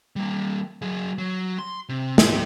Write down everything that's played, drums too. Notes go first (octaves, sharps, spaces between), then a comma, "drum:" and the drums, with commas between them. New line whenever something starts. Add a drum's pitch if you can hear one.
G3 A#3
F#3 G#4
F#3
C6
C3
G4 C5, drum: snare